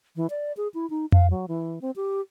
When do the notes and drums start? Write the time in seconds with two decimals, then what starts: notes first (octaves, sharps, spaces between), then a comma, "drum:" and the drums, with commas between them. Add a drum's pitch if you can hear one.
0.16 E3
0.30 D5
0.57 G#4
0.74 E4
0.90 D#4
1.12 F5, drum: tom F2
1.30 F#3
1.48 E3
1.81 C4
1.96 G4